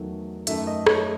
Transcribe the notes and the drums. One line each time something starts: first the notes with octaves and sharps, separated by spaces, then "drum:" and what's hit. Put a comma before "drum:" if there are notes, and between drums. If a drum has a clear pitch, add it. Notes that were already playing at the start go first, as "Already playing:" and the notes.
Already playing: E2 D#3 F#3 A3
F#2 D#3 A3 E5, drum: hi-hat
D#5
C#5, drum: rim click